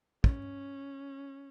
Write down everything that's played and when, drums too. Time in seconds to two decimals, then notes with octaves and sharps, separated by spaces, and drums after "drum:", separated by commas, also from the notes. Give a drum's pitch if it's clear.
0.24 C#4, drum: kick